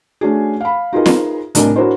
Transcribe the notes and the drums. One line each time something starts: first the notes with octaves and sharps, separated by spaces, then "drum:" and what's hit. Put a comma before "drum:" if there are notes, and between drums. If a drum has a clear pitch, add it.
A3 C#4 D4 F#4 G#4
F5 B5
D#4 F4 G#4 A#4 B4 D#5
drum: snare
C2 A2 C#4 D4 A#4 D#5, drum: hi-hat
D4 E4 F#4 A#4 C5 C#5